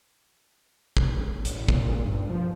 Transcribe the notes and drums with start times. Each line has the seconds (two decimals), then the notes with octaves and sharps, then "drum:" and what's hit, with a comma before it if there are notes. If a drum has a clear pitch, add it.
0.97 drum: kick
1.45 A1, drum: hi-hat
1.69 A#2, drum: kick
1.81 A#2
2.05 G2
2.29 F3